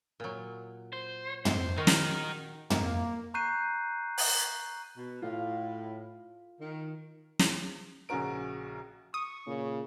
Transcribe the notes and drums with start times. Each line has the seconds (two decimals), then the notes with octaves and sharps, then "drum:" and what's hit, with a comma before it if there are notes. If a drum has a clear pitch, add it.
0.20 A#2 F#3
0.93 C5
1.45 C5, drum: tom
1.78 D#3 D#4 F#4 A#4
1.87 drum: snare
2.70 A#3, drum: tom
3.34 A#5 C#6 F#6 G6 C7 D#7
4.18 drum: open hi-hat
4.97 B2
5.22 A2 F4 F5
6.60 D#3
7.39 drum: snare
8.09 A#1 C#3 C#4 F#4 A#4 D7
9.14 C#6 D#6
9.47 A#2 C#3